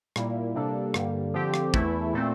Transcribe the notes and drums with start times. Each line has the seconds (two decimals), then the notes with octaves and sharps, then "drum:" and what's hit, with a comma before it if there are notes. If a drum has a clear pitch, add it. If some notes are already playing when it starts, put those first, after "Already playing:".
0.16 A#2 G3 A#3 E4, drum: rim click
0.55 C3 G3 A#3 D4 A4
0.94 G2 D3 G3 A#3, drum: rim click
1.34 D3 F3 C4 G4
1.54 drum: rim click
1.74 E2 E3 A3 E4, drum: kick
2.13 A#2 A3 C4